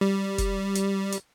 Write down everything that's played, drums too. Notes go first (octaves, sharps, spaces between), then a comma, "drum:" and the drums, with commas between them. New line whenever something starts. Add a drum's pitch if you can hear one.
G3
drum: kick, hi-hat
drum: hi-hat
drum: hi-hat